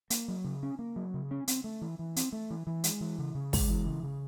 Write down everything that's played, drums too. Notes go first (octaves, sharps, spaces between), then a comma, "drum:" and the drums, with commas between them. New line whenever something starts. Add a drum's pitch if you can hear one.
A#3, drum: hi-hat
F#3
C#3
C#4
A#3
F#3
C#3
C#4
C4, drum: hi-hat
A3
E3
E3
C4, drum: hi-hat
A3
E3
E3
G#3, drum: hi-hat
E3
C#3
C#3
G#3, drum: kick, open hi-hat
E3
C#3
C#3